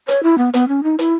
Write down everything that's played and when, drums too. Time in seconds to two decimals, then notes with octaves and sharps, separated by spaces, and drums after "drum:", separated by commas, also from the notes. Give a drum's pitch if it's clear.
0.08 C#5, drum: hi-hat
0.23 E4
0.38 B3
0.54 B3, drum: hi-hat
0.68 C#4
0.84 D#4
0.99 E4, drum: hi-hat